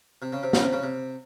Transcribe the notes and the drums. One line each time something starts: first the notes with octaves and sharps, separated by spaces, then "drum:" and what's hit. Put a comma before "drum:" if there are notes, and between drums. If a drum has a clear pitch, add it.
C3
C#3
C3
C#3, drum: snare
C3
C#3
C3